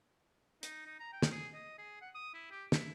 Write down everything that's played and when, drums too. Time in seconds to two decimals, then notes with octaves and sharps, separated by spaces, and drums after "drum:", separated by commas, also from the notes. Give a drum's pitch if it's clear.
0.63 D#4, drum: hi-hat
0.86 D#4
1.00 A#5
1.13 G5
1.22 drum: snare
1.32 G#4
1.54 D#5
1.78 G#4
2.01 F#5
2.15 D#6
2.34 E4
2.51 G4
2.72 E4, drum: snare